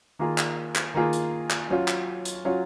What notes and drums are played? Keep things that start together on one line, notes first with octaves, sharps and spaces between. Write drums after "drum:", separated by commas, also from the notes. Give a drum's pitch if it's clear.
D#3 A#3 F4 G#4
drum: clap
drum: clap
D#3 A#3 F4 G#4
drum: hi-hat
drum: clap
F#3 C#4 F4
drum: clap
drum: hi-hat
F#3 C#4 F4